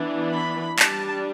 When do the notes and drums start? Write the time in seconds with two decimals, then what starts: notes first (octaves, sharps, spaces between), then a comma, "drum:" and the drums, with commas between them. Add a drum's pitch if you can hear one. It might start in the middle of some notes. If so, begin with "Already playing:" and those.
Already playing: E3 B3 D4
0.31 B5
0.79 G3 D4 A5, drum: clap